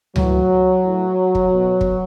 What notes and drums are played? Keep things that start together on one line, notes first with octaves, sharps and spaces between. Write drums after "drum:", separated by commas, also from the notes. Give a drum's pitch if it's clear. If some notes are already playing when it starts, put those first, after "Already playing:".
A2 E3 F#3, drum: tom C#2
A2 E3
drum: kick
B2
drum: kick